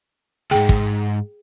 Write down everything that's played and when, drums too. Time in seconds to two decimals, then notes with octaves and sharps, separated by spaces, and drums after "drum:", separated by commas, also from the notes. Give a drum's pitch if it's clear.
0.51 C2 G#2 G#4 G5
0.69 drum: kick